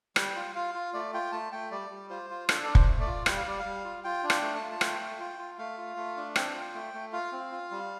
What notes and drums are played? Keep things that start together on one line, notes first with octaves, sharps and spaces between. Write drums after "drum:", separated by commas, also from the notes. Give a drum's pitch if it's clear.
G3 G5, drum: rim click
F4
F4 F5
F4
A3 D5
F4 G5
A3 A5
A3 G5
G3 D5
G3
F4 C5
F4
D4 A4, drum: rim click
D4 D5
C5, drum: kick
A3
D5
F4
G3 G5, drum: rim click
F5
G3 D5
F5
G3
F4
F4 G5
D4
G5, drum: rim click
A3
A5
F4
A5
A3 G5, drum: rim click
A3
F4
F4
A3 F5
F4
A3
D4
C4 G5, drum: rim click
F4
A3
A3
F4 F5
C4
F4
G3